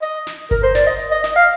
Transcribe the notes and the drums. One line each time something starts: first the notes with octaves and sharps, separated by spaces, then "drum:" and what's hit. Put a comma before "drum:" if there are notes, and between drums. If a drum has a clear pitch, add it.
D#5, drum: hi-hat
drum: snare
A#4, drum: kick G1, hi-hat
C5
D5, drum: snare
D#5
drum: hi-hat
D#5
D#5, drum: snare
F5